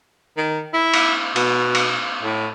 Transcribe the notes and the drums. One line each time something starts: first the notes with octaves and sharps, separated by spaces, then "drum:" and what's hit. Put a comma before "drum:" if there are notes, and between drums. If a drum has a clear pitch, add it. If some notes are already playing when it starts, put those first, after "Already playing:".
D#3
E4
drum: cymbal
B2, drum: cymbal
drum: cymbal
A2